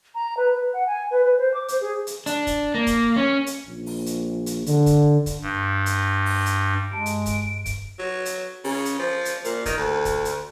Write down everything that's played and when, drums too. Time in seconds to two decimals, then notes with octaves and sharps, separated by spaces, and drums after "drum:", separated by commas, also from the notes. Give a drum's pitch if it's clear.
0.15 A#5
0.37 B4
0.54 B4
0.73 F#5
0.87 G#5
1.11 B4
1.24 B4
1.38 C5
1.54 D6
1.68 C5, drum: hi-hat
1.81 G#4
2.07 drum: hi-hat
2.26 D4, drum: hi-hat
2.47 drum: kick, hi-hat
2.74 A#3
2.87 drum: kick, hi-hat
3.16 C#4
3.46 drum: hi-hat
3.66 A#1
3.86 drum: open hi-hat
4.06 drum: hi-hat
4.46 drum: hi-hat
4.66 D3, drum: hi-hat
4.86 drum: kick, hi-hat
5.26 drum: kick, hi-hat
5.42 G2
5.86 drum: hi-hat
6.26 drum: open hi-hat
6.46 drum: hi-hat
6.91 G2 G#3 A5 D7
7.06 drum: hi-hat
7.26 drum: kick, hi-hat
7.66 drum: kick, hi-hat
7.99 F#3
8.25 drum: hi-hat
8.64 C#3, drum: open hi-hat
8.85 drum: hi-hat
8.99 F3
9.25 drum: hi-hat
9.45 A#2, drum: hi-hat
9.65 D#3, drum: kick, hi-hat
9.77 D2
10.05 drum: kick, hi-hat
10.25 drum: hi-hat